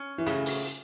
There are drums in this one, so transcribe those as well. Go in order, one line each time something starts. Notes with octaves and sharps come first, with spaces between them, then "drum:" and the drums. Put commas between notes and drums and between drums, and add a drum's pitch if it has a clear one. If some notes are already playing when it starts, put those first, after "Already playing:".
Already playing: C#4
E3
A2 C#3 F#3 A3, drum: hi-hat
drum: open hi-hat
drum: hi-hat